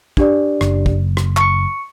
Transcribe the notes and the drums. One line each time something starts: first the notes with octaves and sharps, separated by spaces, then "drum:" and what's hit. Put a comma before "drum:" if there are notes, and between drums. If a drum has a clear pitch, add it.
D4 G4 D5, drum: kick
F#1, drum: rim click
drum: kick
drum: rim click
C#6 C#7, drum: clap